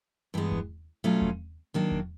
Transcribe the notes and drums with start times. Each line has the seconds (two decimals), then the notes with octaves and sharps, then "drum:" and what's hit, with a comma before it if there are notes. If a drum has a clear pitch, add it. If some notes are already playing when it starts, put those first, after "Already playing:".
0.34 G2 E3 G#3 B3
0.52 drum: kick E2
1.04 B2 F#3 A3 C#4 F4
1.22 drum: kick E2
1.74 D#3 F#3 A#3 D4
1.92 drum: kick E2